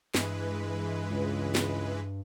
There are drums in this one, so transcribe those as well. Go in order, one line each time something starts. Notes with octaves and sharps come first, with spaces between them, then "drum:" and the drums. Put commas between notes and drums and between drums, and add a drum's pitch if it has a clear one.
G2 E3 G#3 B4, drum: snare
C#2
drum: snare